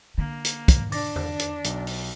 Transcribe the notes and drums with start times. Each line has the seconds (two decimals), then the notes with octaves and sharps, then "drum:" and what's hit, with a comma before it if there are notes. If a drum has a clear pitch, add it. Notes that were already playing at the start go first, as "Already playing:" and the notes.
0.18 D3 A#3
0.45 drum: hi-hat
0.68 drum: kick, hi-hat
0.92 D4 D6 A6 A#6, drum: open hi-hat
1.16 drum: tom E2
1.39 drum: hi-hat
1.64 B1, drum: hi-hat
1.87 drum: open hi-hat